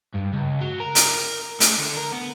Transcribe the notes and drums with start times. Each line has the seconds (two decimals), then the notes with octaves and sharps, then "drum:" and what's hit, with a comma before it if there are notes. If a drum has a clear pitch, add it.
0.15 G2
0.34 C#2
0.61 F#3
0.80 A#4
0.95 drum: hi-hat
1.60 A3, drum: hi-hat
1.78 D3
1.97 A#4
2.12 B3